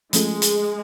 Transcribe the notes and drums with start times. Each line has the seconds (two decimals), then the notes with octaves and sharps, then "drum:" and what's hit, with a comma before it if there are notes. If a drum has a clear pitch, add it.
0.13 F3 G#3 A3 C#4 F4 A4, drum: hi-hat
0.42 drum: hi-hat